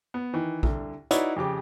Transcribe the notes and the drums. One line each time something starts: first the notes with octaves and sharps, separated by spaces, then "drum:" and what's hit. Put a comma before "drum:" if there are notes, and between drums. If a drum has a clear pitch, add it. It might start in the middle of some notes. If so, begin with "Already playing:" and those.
B3
D#3 E3
C2 D3, drum: kick A#1
D#4 E4 F#4 B4 C#5 D5, drum: hi-hat
F2 C#3 G4 D6